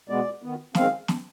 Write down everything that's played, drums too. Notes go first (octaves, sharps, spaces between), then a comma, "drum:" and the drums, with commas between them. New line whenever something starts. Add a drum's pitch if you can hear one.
B2 G#3 B3 D5
D#3 B3
D#3 G#3 C4 F5, drum: snare
drum: snare